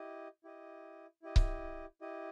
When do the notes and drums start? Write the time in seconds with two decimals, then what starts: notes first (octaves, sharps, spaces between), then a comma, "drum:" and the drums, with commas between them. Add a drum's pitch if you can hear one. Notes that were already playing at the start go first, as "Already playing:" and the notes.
Already playing: E4 G4 D#5
0.44 E4 G4 D#5
1.23 E4 G4 D#5
1.36 drum: kick C#1
2.01 E4 G4 D#5